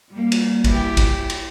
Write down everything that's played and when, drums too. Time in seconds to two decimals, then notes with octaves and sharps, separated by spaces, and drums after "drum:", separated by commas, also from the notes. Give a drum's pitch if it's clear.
0.11 G3 A#3
0.32 drum: cymbal
0.64 E4 G4, drum: kick, cymbal
0.97 drum: kick, cymbal
1.30 drum: cymbal